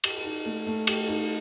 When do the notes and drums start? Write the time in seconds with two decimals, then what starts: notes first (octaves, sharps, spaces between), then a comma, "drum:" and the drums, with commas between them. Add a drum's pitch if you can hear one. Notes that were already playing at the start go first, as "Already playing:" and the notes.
0.04 G4, drum: cymbal
0.24 D#4
0.45 A3
0.66 A3
0.87 G4, drum: cymbal
1.08 D#4